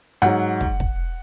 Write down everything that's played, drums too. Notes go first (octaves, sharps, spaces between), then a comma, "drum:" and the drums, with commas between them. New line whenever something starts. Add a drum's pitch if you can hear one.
G#2 F#3 F#5, drum: rim click
drum: kick
drum: kick